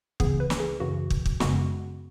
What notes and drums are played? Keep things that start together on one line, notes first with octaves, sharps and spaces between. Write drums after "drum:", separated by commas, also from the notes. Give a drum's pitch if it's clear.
C#2 C#3 E3 B3 G#4, drum: kick
B4
drum: snare
G#4
F#2 C#3 E3 F#4
drum: kick
drum: kick
F#2 C#3 G#3 B3 F#4, drum: snare